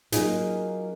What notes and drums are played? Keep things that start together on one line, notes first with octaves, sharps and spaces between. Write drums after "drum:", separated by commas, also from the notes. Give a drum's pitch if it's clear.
F#3 A#3 C#4 D#4 F4 G#4, drum: hi-hat